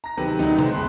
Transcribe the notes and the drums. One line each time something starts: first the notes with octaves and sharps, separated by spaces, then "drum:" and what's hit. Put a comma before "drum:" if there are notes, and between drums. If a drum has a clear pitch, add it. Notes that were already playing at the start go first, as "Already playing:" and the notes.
A#5 A#6
C3 D#3 F#3 G4 A4 B4
D3 D#3 F#3 A3 D#4
G#3 B3 C4, drum: tom C3
G1 G2 B5 C6 F#6